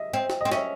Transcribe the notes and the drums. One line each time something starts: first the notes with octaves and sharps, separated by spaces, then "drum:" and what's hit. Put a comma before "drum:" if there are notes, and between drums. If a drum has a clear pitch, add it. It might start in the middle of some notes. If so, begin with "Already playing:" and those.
Already playing: D#5 E5
C4
drum: snare
C4 D#5
C#4 E5, drum: snare